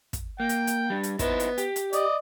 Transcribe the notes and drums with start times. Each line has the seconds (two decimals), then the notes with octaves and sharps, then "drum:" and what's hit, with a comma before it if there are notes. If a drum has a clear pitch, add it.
0.13 drum: kick, hi-hat
0.40 A#3 G5
0.49 drum: hi-hat
0.67 drum: hi-hat
0.90 G3 D4
1.03 drum: hi-hat
1.19 B3 D#4 E4 C5, drum: kick, hi-hat
1.40 drum: hi-hat
1.58 G4, drum: hi-hat
1.76 drum: hi-hat
1.93 D5 D#5, drum: hi-hat